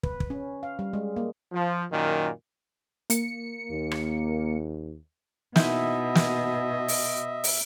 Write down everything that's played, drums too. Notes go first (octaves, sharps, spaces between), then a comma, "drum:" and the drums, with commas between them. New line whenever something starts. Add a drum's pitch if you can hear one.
B4, drum: kick
drum: kick
C#4
F5
G3
G#3
A#3
F3
F#2 A#2 D#3
A#3 C#7, drum: hi-hat
D#2
drum: rim click
B2 D#4 E4 D#5 E5, drum: snare
drum: snare
drum: open hi-hat
drum: open hi-hat